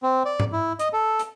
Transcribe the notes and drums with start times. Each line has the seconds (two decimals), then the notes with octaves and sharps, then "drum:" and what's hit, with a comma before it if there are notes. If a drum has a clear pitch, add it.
0.03 C4
0.25 D5
0.40 drum: tom G#2
0.53 E4
0.79 D#5, drum: hi-hat
0.93 A4
1.19 drum: hi-hat